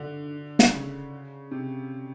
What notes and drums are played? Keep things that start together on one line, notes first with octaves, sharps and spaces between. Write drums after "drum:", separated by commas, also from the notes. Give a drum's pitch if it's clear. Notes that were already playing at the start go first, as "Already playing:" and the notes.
Already playing: D3
drum: snare
C#3
C3